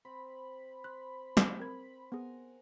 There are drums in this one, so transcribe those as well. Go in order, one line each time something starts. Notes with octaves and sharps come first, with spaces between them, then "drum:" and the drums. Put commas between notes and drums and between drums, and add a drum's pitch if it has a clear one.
C4 B5
C5 F#6
drum: snare
C4 A#4 G#6
B3 G#4 A#4 F#5 G#5